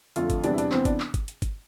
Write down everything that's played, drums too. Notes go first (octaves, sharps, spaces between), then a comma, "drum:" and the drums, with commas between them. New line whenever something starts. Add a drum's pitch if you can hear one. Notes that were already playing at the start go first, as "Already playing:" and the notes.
F2 D3 A3 F4, drum: hi-hat
drum: kick G1, hi-hat
E2 C3 G3 B3 D4, drum: hi-hat
E4
D4, drum: hi-hat
C3 E3 B3 C4, drum: clap
D4, drum: kick G1, hi-hat
drum: clap
drum: kick G1, hi-hat
drum: hi-hat
drum: kick G1, hi-hat